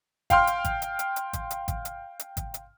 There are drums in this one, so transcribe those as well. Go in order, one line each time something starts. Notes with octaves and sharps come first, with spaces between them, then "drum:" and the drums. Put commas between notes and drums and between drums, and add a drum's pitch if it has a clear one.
F5 G5 C6 F6, drum: kick G#1, hi-hat
drum: hi-hat
drum: kick G#1, hi-hat
drum: hi-hat
drum: hi-hat
drum: hi-hat
drum: kick G#1, hi-hat
drum: hi-hat
drum: kick G#1, hi-hat
drum: hi-hat
drum: hi-hat
drum: kick G#1, hi-hat
drum: hi-hat